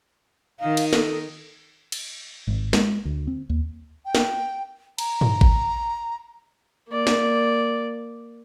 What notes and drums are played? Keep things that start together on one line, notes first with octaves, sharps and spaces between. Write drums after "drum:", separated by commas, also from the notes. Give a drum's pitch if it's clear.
D#3 D#4 F5
drum: cymbal
A4, drum: snare
drum: cymbal
G#1
G#3, drum: snare
D2
C4
D#2
G5
drum: snare
A#5, drum: cymbal
drum: tom
drum: kick G#1
A#3 D5
drum: snare